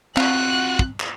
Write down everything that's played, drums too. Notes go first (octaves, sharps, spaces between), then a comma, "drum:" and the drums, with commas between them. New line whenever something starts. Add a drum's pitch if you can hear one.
C4 F4 F#4 F#6, drum: clap
drum: kick
drum: clap